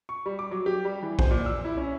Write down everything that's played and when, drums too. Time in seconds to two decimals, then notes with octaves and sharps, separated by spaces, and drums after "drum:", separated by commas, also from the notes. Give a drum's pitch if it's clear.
0.09 C#6
0.26 G3
0.39 D6
0.51 F#3
0.66 G4
0.85 G3
1.03 E3
1.19 C5, drum: kick B1
1.31 A#2
1.46 E6
1.65 E4
1.77 C#4